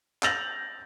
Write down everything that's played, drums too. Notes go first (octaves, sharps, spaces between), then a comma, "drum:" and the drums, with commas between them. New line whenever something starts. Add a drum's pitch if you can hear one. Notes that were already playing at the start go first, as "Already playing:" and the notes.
E6 G6 A6 A#6 F7 F#7, drum: clap